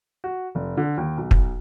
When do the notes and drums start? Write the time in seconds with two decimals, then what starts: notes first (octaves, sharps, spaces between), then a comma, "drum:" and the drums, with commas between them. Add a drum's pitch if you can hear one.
0.24 F#4
0.55 F1
0.77 D3
0.97 D#2
1.17 B1
1.31 drum: kick